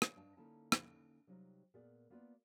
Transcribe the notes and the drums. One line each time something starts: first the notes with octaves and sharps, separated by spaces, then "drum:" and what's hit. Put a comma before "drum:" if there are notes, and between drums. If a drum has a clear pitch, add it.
drum: rim click
G2 D4 D#5 F5 A5
D3 A#3 C#4 D#4 E4 A5
drum: rim click
C3 F#3 G3 D#4 F4
A#2 B3 G#4 A#4 D5
A#3 B3 F4 B4 D5